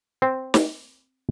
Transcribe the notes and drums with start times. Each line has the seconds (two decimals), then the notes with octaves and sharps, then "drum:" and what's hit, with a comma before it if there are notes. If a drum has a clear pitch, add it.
0.22 C4 C5
0.54 drum: snare